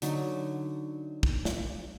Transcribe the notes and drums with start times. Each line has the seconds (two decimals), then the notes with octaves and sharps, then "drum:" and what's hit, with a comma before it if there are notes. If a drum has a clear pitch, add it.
0.02 D3 F#3 D#4, drum: hi-hat
1.23 drum: kick
1.45 drum: snare